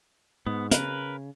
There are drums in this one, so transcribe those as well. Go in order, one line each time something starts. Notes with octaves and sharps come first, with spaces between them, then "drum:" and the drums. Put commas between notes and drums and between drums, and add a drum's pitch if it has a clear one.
G#2 B3
C#3 A#4 B4, drum: hi-hat